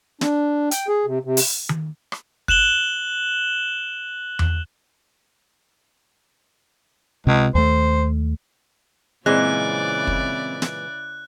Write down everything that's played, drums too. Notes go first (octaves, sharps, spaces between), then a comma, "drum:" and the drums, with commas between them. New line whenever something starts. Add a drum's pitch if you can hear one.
D4, drum: snare
G5, drum: hi-hat
G#4
C3
C3
drum: open hi-hat
drum: tom D#3
drum: rim click
F#6 E7 F#7 G7, drum: kick
drum: tom E2
C#2 C3
D#2 A3 C5
A#2 C#3 E3 G#3 C4 E4 D5 F#6
drum: kick
drum: snare